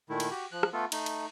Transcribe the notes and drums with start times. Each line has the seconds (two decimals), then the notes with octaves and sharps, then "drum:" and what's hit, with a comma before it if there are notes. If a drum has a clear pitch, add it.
0.10 A#2 D#3 A3 E4
0.20 drum: cymbal
0.31 F#4 G4
0.52 F3 F#6
0.63 drum: rim click
0.73 A3 B3 F4 A4
0.92 A3 D#4, drum: cymbal
1.06 drum: cymbal